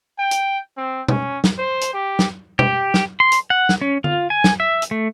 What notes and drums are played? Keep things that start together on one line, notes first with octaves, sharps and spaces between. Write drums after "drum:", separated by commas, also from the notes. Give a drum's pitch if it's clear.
G5
drum: hi-hat
C4
C#4, drum: tom B2
drum: snare
C5
drum: hi-hat
G4
drum: snare
G4, drum: tom B2
drum: snare
C6
drum: hi-hat
F#5
drum: snare
C#4
F4, drum: tom D3
G#5
drum: snare
E5
drum: hi-hat
A3